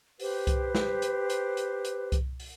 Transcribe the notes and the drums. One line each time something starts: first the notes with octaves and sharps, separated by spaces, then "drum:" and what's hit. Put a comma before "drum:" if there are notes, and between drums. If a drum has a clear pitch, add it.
G4 B4 C5, drum: open hi-hat
drum: kick C2, hi-hat
drum: snare
drum: hi-hat
drum: hi-hat
drum: hi-hat
drum: hi-hat
drum: kick C2, hi-hat
drum: open hi-hat